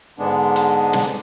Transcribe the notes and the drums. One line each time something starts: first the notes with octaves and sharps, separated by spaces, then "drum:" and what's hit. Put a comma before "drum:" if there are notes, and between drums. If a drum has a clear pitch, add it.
G#2 D3 G#3 B3 D4
drum: hi-hat
drum: snare